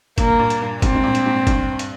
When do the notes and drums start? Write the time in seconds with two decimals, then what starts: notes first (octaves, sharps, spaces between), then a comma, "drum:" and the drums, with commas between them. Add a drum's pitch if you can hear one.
0.18 G2 A#2 A#3, drum: kick, hi-hat
0.39 G2 A#2
0.50 drum: hi-hat
0.61 G2
0.82 G#2 C4, drum: kick, hi-hat
0.95 G#2
1.03 G2 A#2
1.15 drum: hi-hat
1.26 G#2
1.47 G2, drum: kick, hi-hat
1.79 drum: hi-hat